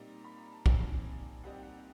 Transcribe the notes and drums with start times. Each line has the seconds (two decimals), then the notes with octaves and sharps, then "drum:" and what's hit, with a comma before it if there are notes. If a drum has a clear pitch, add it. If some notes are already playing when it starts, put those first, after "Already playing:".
Already playing: A#2 G3 C4 D#4 A#5
0.24 B5
0.38 A#5
0.52 A5
0.66 A#2 G3 C4 D#4 G#5, drum: kick
1.43 A#2 G3 C4 D#4 F#5
1.53 G5
1.63 F#5